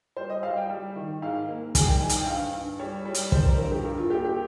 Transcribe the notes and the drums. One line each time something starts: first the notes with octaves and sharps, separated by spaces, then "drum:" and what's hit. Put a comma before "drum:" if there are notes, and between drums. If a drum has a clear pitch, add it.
G3 C5
D#5
G3 F5
G5
G3
D#3
G#2 F5
A#3
G3 G#4, drum: kick, hi-hat
G5
G#2 G#5
drum: hi-hat
G5
G2 F5
G2
G3 C#5
G3
drum: hi-hat
G3 C5, drum: kick
A#4
G2 A#4
G4
G2 A#4
F4
A#3 G4
G4